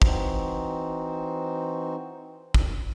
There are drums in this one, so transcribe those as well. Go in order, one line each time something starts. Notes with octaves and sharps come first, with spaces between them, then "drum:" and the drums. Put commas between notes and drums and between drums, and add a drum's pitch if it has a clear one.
E3 C4 D#4 F#4 C5, drum: kick
drum: kick